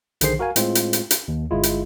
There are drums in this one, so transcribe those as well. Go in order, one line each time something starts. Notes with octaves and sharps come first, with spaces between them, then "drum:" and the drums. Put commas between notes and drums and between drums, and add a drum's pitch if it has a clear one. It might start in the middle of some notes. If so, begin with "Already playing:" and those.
B1 D3 D#3 G#4 C5 C7, drum: hi-hat
F#4 A#4 F5 G#5
A2 G#3 C4 F4, drum: hi-hat
drum: hi-hat
drum: hi-hat
drum: hi-hat
D#2
G1 G#3 E4 F4
drum: hi-hat